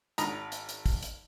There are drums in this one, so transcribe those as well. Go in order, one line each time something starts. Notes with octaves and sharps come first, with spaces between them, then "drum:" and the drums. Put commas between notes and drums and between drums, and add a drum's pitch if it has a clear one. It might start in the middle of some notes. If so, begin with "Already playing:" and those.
G#1 A#5 B5 D#6, drum: hi-hat
drum: hi-hat
drum: hi-hat
drum: kick, open hi-hat
drum: hi-hat